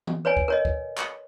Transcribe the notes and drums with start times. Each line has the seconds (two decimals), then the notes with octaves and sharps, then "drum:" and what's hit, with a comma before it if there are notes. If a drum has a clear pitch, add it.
0.07 drum: tom E3
0.25 B4 C#5 D5 G#5
0.37 drum: kick
0.48 A#4 C#5 D#5
0.65 drum: kick
0.97 drum: clap